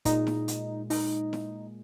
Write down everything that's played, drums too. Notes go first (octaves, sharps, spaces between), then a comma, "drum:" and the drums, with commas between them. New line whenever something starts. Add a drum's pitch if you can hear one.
A#2 G#3 D#4, drum: kick, hi-hat
drum: snare E4
drum: hi-hat
D#4, drum: open hi-hat
drum: snare E4